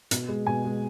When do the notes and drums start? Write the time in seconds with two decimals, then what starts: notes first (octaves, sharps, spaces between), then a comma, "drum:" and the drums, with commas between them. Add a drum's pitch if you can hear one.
0.11 B2, drum: hi-hat
0.29 G#3
0.47 B2 G#5
0.65 G#3